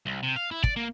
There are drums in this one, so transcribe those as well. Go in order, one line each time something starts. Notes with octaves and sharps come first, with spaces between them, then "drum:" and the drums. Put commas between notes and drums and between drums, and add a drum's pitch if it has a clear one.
C2
C3
F5
E4
D5, drum: kick
A#3